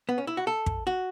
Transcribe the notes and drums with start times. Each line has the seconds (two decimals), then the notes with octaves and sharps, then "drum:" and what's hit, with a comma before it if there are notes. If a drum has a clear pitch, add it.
0.09 B3
0.18 C#4
0.27 E4
0.37 F#4
0.47 A4
0.66 drum: kick
0.87 F#4